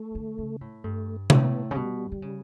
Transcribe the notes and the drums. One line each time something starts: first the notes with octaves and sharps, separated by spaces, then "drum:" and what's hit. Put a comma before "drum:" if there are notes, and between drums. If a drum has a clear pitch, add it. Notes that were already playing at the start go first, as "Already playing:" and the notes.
Already playing: A3
D3
C#3
A2
G2 A3
A2 B3, drum: tom C3
C#3
B2 G3
D3
C#3